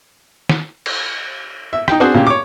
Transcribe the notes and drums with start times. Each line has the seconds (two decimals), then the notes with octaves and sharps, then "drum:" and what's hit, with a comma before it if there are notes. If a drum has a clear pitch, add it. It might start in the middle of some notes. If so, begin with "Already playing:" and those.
0.49 drum: snare
0.86 drum: cymbal
1.73 E5
1.88 D#4 G5, drum: rim click
2.00 C4 D4 F#4 G#4 C5
2.14 A#2 C#3 G4
2.27 C#5 D6